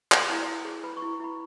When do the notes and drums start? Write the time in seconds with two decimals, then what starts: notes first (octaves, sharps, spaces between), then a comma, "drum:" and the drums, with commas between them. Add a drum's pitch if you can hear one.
0.12 B4, drum: clap
0.30 E4
0.48 E4
0.65 G#4
0.83 B4 B5
0.97 C#6
1.02 E4
1.20 E4 B5